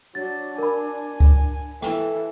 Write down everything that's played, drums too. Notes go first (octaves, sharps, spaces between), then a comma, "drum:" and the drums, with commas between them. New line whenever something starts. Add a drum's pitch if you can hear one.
F#3 D4 A6
A#4 G#5 B5
drum: kick C#2
E3 A4 G5, drum: rim click